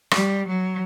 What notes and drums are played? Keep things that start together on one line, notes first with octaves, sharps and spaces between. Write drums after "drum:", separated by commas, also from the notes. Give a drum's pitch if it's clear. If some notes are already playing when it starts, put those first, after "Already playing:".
G3, drum: rim click
F#3